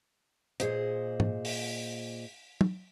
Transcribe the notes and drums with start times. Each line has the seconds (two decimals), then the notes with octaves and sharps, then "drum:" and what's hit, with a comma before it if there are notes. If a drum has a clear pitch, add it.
0.60 A#2 G#4 C5 D#5, drum: hi-hat
1.20 drum: tom G#2
1.45 drum: open hi-hat
2.61 drum: tom